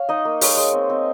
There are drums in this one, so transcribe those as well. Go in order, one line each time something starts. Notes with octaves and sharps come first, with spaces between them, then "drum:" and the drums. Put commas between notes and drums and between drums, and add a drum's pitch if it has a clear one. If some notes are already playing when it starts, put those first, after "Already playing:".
Already playing: C#5 F5
D#4 D#5
A#3
G#3 C#5, drum: open hi-hat
G#3
C4
C4